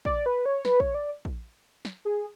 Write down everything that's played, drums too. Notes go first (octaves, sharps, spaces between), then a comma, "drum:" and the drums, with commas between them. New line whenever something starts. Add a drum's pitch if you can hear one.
D5, drum: kick
B4
C#5
B4, drum: snare
C#5, drum: kick
D5
drum: kick
drum: snare
G#4